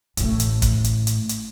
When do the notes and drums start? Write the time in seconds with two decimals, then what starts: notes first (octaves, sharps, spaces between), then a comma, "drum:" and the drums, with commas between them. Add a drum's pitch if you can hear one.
0.17 A1 A2, drum: hi-hat
0.40 drum: hi-hat
0.62 drum: kick, hi-hat
0.84 drum: hi-hat
1.07 drum: hi-hat
1.29 drum: hi-hat